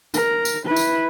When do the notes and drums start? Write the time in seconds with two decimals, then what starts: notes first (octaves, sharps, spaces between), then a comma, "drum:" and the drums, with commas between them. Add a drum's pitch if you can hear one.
0.14 A#4, drum: tambourine
0.45 drum: tambourine
0.66 E4 B4
0.76 drum: tambourine